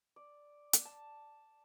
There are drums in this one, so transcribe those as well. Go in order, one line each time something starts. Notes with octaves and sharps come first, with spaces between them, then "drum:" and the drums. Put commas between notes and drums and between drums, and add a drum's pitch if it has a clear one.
D5
drum: hi-hat
A5